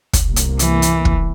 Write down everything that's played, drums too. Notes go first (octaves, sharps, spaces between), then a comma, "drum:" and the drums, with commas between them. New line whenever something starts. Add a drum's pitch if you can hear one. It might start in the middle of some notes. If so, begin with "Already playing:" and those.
drum: kick, hi-hat
G1 C2 A#3
drum: hi-hat
E3, drum: hi-hat
drum: hi-hat
drum: kick